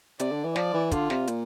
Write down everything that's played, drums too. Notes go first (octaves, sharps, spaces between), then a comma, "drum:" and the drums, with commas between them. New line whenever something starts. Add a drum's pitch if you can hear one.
C3 D5, drum: hi-hat
D3
E3
F3 D5, drum: snare
E3
D3 F4, drum: kick, hi-hat
C3, drum: snare
A#2, drum: hi-hat